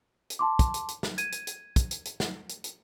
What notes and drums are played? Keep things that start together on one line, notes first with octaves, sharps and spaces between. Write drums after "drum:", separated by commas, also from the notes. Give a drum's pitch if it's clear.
drum: hi-hat
A5 C6 D6
drum: kick, hi-hat
drum: hi-hat
drum: hi-hat
drum: snare
G#6 D#7, drum: hi-hat
drum: hi-hat
drum: hi-hat
drum: kick, hi-hat
drum: hi-hat
drum: hi-hat
drum: snare
drum: hi-hat
drum: hi-hat